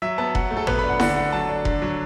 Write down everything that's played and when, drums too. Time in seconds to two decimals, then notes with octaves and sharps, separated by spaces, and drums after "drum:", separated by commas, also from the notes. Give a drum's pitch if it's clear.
0.02 F#3 E5
0.18 B3 A5
0.35 F#3 F#5, drum: kick F1
0.51 A3
0.57 A4
0.67 B3 B4, drum: tom
0.79 D4 B5
0.89 F#5
1.00 D3 F#5, drum: snare E4
1.16 A3 F#5
1.33 F#3 A5
1.49 D4
1.65 D3, drum: kick F1
1.82 F#3